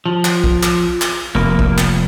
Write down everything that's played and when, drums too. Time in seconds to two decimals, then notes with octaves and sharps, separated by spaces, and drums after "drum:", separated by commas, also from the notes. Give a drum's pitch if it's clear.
0.06 F3
0.25 drum: clap
0.44 drum: kick
0.63 drum: clap
1.01 drum: clap
1.35 F1 A#3
1.59 drum: kick
1.78 drum: clap